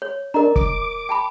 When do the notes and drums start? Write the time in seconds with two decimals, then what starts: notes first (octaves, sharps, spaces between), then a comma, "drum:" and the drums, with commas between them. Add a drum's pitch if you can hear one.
0.02 C#5
0.34 D4 A#4 D#5 A#5
0.56 D6, drum: kick
1.09 G5 A5 B5